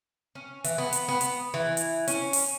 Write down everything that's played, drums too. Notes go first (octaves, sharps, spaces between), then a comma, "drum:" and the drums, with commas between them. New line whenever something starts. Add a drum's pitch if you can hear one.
C#4
E3, drum: hi-hat
B3
drum: hi-hat
B3
drum: hi-hat
E3
drum: hi-hat
C#4, drum: hi-hat
drum: open hi-hat